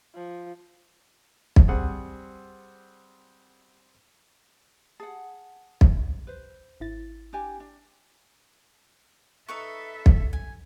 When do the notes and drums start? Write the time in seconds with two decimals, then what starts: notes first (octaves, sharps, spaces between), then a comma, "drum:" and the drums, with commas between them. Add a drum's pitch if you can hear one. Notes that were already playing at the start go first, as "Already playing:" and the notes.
0.15 F3
1.56 drum: kick
1.68 G3 C4 G#4 F#5
5.00 G#4 F#5 A5
5.81 drum: kick
6.27 B4 C5
6.80 G#1 E4 A6
7.33 D4 G4 G#5
7.60 D4
9.48 D#4 A4 B4 E5 C#6
10.06 drum: kick
10.33 G#5